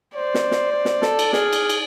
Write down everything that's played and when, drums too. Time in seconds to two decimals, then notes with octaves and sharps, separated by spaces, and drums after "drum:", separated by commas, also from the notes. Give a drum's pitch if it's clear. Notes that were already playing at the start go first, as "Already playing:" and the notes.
0.15 C5 D5
0.34 drum: snare
0.51 drum: snare
0.72 C5
0.85 drum: snare
1.02 A4, drum: snare
1.19 drum: cymbal
1.33 G#4 F6, drum: snare
1.53 drum: cymbal
1.69 drum: cymbal